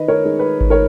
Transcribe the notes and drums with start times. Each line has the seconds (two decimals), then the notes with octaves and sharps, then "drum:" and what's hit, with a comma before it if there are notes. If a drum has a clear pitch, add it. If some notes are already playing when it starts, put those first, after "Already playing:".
Already playing: D#3 B4 D#5
0.08 A#4 C#5
0.24 G#3 D#4
0.39 B4
0.61 drum: kick G#1
0.70 D#3 A#4 C#5